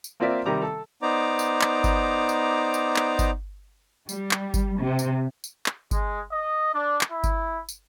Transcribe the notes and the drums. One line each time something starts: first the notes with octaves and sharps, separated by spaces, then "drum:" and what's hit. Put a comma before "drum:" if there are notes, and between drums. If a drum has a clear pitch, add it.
drum: tambourine
A#3 C4 F4 A#4 D5 E5
C3 D#3 G3 A#5 D6
A4
B3 D#4 C5 D5 A#5 D6
drum: tambourine
drum: clap
drum: kick G1, tambourine
drum: tambourine
drum: tambourine
drum: clap
drum: kick G1, tambourine
G3, drum: tambourine
drum: clap
drum: kick G1, tambourine
C3
drum: tambourine
drum: tambourine
drum: clap
G#3, drum: kick G1, tambourine
D#5
D4
drum: clap
E4
drum: kick G1, tambourine
drum: tambourine